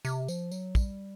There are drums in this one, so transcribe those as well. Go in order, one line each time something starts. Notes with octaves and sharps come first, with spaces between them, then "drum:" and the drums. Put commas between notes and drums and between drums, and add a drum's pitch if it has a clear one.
C3, drum: tambourine
F3, drum: tambourine
F#3, drum: tambourine
G3, drum: kick, tambourine